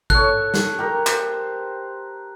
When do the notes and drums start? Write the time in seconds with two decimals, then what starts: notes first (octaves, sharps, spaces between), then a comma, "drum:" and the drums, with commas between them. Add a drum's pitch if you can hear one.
0.10 A4 C#5 F#6, drum: kick
0.54 drum: snare
0.78 G4 A#4
1.07 C5, drum: clap